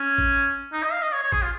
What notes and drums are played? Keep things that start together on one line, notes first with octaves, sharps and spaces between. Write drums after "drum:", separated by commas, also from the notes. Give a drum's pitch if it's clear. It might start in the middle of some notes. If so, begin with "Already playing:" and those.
Already playing: C#4
drum: kick G#1
D#4
D#5
F5
D#5
C#5
C#5
G#4, drum: kick G#1
F4